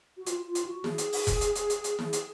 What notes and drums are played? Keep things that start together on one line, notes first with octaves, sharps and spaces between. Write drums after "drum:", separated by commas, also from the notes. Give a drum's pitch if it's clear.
F#4
F4, drum: hi-hat
F4
drum: hi-hat
F#4
G#4, drum: snare
drum: hi-hat
drum: open hi-hat
drum: kick F1, hi-hat
drum: hi-hat
drum: hi-hat
drum: hi-hat
drum: hi-hat
drum: snare
drum: hi-hat